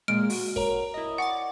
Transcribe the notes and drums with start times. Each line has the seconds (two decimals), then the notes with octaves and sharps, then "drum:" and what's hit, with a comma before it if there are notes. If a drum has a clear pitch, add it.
0.08 A#2 G#3 F6 D7
0.30 F#4, drum: open hi-hat
0.56 A#4 C#5 A#5, drum: kick
0.94 E4 D#5
1.18 D5 F#5 G#5 C#6 A6